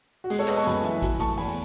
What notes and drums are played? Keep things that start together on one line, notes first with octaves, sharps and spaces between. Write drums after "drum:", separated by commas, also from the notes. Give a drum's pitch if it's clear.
F#4
G#3 G#4, drum: open hi-hat
A4 C#5
B3 B4 D#5, drum: clap
A5 C#6
F#2 G#5 B5, drum: hi-hat
E3 E5 G#5, drum: hi-hat
F#3, drum: kick, hi-hat
A3 A5 C#6, drum: kick, hi-hat
E2 G#5 B5, drum: open hi-hat